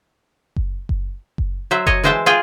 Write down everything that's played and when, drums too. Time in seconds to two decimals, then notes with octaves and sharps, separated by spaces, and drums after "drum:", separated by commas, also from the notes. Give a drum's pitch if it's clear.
0.56 drum: kick F#1
0.89 drum: kick F#1
1.38 drum: kick F#1
1.71 F#3 C5 E5
1.87 C#5 D#5 G#5, drum: kick F#1
2.04 E3 G#3 C5 E5 G5 A5
2.26 F4 G#4 F5 G5